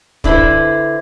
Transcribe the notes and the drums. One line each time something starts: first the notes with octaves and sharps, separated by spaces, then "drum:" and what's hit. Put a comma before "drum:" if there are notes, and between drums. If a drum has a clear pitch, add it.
D3 E4 B4 C5, drum: kick